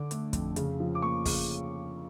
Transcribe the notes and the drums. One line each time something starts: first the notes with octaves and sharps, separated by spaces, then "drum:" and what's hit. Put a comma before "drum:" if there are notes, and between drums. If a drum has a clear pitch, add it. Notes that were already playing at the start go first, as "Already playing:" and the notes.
Already playing: D3 D4 D6
A3, drum: hi-hat
F2, drum: kick, hi-hat
C#3, drum: hi-hat
F3
D6
A#3 C#6
C#3, drum: kick, open hi-hat